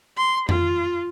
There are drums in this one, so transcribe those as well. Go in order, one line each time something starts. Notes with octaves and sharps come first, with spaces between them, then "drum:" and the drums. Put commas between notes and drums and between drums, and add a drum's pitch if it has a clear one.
C6
F4, drum: tom F2